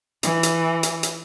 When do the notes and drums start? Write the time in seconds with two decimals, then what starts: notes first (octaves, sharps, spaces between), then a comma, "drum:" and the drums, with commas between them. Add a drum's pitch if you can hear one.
0.23 E3, drum: hi-hat
0.43 drum: hi-hat
0.83 drum: hi-hat
1.03 drum: hi-hat